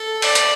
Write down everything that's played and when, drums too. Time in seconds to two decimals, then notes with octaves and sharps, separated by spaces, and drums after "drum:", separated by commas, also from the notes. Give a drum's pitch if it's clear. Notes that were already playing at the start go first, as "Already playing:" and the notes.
Already playing: A4
0.22 D5, drum: open hi-hat
0.35 drum: hi-hat